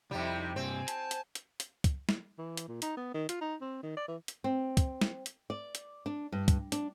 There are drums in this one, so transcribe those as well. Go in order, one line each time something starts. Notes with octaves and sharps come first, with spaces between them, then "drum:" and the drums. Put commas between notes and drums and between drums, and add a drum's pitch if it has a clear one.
C2 F2 C3 G3 D#4 E4 G4
G2 C3 C4 G#5
A5, drum: hi-hat
drum: hi-hat
drum: hi-hat
drum: hi-hat
drum: kick, hi-hat
drum: snare
E3
drum: hi-hat
A#2
D#4, drum: hi-hat
B3
D#3
F4, drum: hi-hat
D#4
C4
D#3
D5
E3
drum: hi-hat
C4
drum: kick, hi-hat
drum: snare
drum: hi-hat
D5
drum: hi-hat
D4
G2
drum: kick, hi-hat
D4, drum: hi-hat